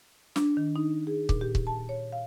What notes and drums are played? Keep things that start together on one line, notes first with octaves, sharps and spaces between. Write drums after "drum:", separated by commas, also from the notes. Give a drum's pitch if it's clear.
D4, drum: snare
D#3
D#4
G#4
A#2, drum: kick C#1
G4
drum: kick C#1
A5
C#5
F5